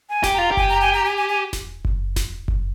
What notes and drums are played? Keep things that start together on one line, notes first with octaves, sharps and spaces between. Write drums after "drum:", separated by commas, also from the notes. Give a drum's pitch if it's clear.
G#5
G4, drum: snare E1
F4 A#5
G4
G#5, drum: kick F#1
A#5
G#5
A#5
G#5
G#5
G#5
drum: snare E1
drum: kick F#1
drum: snare E1
drum: kick F#1